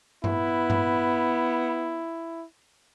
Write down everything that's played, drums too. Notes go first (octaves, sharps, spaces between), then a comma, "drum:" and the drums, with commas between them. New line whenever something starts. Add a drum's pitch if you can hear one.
B3 E4, drum: tom G2
drum: tom G2